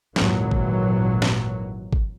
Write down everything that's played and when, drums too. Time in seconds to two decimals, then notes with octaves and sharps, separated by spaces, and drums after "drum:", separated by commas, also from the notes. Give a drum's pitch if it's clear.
0.16 G#1 D#2 A#2 E3 F#3, drum: snare
0.51 drum: kick G#1
1.22 drum: snare
1.93 drum: kick G#1